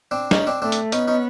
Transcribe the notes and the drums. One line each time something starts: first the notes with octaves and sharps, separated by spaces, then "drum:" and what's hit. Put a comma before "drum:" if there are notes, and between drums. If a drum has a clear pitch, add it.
C4 D4
C#4 D#4, drum: snare
C4 D4
A3 C4 D4
drum: hi-hat
B3 C#4 D#4, drum: hi-hat
C#4 D#4